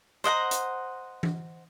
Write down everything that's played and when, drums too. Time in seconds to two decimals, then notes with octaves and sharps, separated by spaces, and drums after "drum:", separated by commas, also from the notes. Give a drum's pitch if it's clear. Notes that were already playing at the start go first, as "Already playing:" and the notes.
0.24 C5 D#5 F#5 A#5
0.51 drum: hi-hat
1.23 drum: tom E3